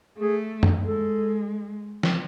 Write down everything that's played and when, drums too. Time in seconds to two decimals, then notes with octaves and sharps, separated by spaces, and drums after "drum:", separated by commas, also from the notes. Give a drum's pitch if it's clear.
0.18 A3 G#4
0.63 drum: tom
0.82 G#3 A4
2.03 drum: snare